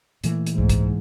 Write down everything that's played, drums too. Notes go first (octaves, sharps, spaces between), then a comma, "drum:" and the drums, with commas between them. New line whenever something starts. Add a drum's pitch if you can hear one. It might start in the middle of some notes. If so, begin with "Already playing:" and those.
A#2 E3 A3, drum: hi-hat
drum: hi-hat
C2 G#2
drum: kick, hi-hat